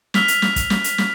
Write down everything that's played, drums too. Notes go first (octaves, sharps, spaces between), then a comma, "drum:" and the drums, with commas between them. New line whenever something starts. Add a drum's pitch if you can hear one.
E6 F6 B6 F7, drum: snare
drum: hi-hat
drum: snare
drum: kick, hi-hat
drum: snare
drum: hi-hat
drum: snare